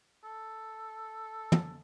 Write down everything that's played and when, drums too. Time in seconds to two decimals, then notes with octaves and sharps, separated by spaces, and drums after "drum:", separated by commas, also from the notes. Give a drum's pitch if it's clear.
0.24 A4
1.52 drum: tom